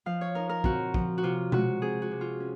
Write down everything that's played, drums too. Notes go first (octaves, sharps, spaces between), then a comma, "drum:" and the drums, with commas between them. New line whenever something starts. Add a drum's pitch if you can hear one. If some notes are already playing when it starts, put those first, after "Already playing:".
F3 F5
C#5
D#4 A#4
A#4
C4 F#4, drum: kick
F3, drum: kick
F#4
C3 F4
G#3 F#4, drum: tom B2
C4 G#4
F#4
C3
F4
C#4